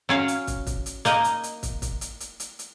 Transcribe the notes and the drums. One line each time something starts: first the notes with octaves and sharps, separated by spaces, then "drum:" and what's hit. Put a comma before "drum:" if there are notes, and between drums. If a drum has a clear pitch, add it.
F#3 C#4 F5
drum: hi-hat
drum: kick, hi-hat
drum: kick, hi-hat
drum: hi-hat
A#3 D#4 D#5, drum: hi-hat
drum: hi-hat
drum: hi-hat
drum: kick, hi-hat
drum: kick, hi-hat
drum: hi-hat
drum: hi-hat
drum: hi-hat
drum: hi-hat